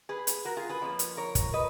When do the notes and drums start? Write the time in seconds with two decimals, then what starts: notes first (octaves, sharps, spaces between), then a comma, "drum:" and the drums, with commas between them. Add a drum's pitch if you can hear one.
0.09 G#4 B4
0.27 drum: hi-hat
0.45 F#4 A#4
0.57 F4 G#4
0.69 G#4 B4
0.81 F2 F3 A#3 C#4
0.99 drum: hi-hat
1.17 A#4 C#5
1.35 drum: kick, hi-hat
1.54 B4 D#5